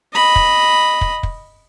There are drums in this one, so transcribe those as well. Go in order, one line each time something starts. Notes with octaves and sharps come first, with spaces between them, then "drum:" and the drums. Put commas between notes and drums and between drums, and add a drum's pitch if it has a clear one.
D#5 B5
drum: kick
drum: kick
drum: kick